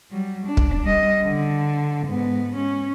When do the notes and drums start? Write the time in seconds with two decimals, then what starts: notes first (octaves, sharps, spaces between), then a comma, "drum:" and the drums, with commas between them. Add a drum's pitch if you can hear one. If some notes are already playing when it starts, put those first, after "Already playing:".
0.11 F#3 G3
0.47 D4
0.57 drum: kick
0.83 G3 D#5
1.24 D3
2.07 G#2 B3
2.56 C#4